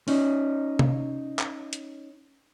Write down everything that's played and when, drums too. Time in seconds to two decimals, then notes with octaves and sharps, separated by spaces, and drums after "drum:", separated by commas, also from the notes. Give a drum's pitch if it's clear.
0.08 C#4 D#4, drum: open hi-hat
0.79 drum: tom C3
1.39 drum: clap
1.73 drum: hi-hat